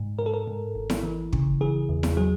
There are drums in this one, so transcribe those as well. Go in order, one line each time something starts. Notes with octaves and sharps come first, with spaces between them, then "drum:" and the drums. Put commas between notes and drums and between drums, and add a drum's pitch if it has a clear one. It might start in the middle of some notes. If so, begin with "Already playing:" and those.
Already playing: G#2
G#2 A#4
A4
A#4
G#2
G#1
drum: snare E4
E3
C#3, drum: kick
E3 G#4
E2
drum: snare E4
F#3 G#4